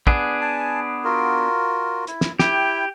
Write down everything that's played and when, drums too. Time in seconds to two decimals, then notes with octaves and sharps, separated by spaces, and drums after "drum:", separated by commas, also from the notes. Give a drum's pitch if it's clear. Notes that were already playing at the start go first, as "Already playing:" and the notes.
0.07 B3 D4 G#4, drum: kick
0.41 G#5 A5
1.04 F4 F#4 A#4
2.07 E4, drum: hi-hat
2.21 drum: snare
2.39 E4 G4 G5, drum: snare